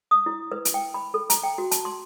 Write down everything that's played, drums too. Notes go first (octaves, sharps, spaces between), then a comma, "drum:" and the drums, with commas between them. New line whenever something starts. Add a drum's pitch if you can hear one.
D#6
E4
B4
drum: hi-hat
G5
B5
A4
A#5, drum: hi-hat
G5
F#4
A5, drum: hi-hat
C6